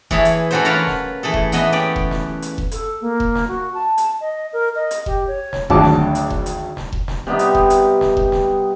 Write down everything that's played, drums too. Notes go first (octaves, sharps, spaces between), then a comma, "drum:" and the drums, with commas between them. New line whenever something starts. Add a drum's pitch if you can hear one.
E3 E4 G#4 C#5 E5 A5, drum: kick F1
drum: hi-hat
E3 A3 C#4 F#4 A4 C5
F4 A#4 B4 C#5 A5 A#5
drum: snare
E3 A3 G#4 A4
drum: kick F1
E3 B3 D#5 E5, drum: hi-hat
C#4 G4 D5
drum: kick F1
drum: snare
drum: hi-hat
drum: kick F1
A4, drum: hi-hat
A#3
drum: kick F1
drum: snare
F#4
A5
drum: hi-hat
D#5
A#4
D#5
drum: hi-hat
G4, drum: kick F1
C#5
drum: snare
G#1 D2 F#3 A5 D6, drum: kick F1
drum: snare
drum: hi-hat
drum: kick F1
drum: hi-hat
drum: snare
drum: kick F1
drum: snare
C3 G3 B3 D#4
drum: hi-hat
drum: kick F1
drum: hi-hat
drum: snare
drum: kick F1
drum: snare